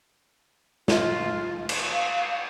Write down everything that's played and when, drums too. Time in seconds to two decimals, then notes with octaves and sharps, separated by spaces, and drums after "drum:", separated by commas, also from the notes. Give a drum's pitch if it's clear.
0.88 F4, drum: snare
1.69 drum: cymbal
1.92 F5